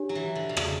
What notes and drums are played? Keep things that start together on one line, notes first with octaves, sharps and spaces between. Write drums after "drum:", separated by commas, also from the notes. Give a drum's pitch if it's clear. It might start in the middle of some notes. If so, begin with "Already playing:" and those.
Already playing: D4 G4 C#5
F#3
E3
D3
B2
C#3, drum: rim click